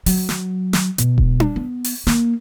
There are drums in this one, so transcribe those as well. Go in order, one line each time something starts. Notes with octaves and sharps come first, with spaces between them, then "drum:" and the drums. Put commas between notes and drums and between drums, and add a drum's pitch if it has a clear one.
F#3, drum: open hi-hat
drum: snare
drum: snare
B2, drum: hi-hat
drum: kick E1
drum: tom D4
B3
drum: open hi-hat
A#3, drum: snare